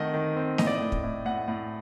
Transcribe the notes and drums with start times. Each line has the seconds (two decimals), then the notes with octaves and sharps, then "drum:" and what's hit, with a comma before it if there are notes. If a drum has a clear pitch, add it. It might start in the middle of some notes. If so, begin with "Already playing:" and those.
Already playing: D#3 A3 C4 D#5 F#5
0.14 D#3
0.36 C4
0.58 A2 D#5, drum: snare
0.67 D5
0.75 D#5
0.81 A2
0.92 drum: kick
1.04 A2
1.25 A2 F#5
1.48 A2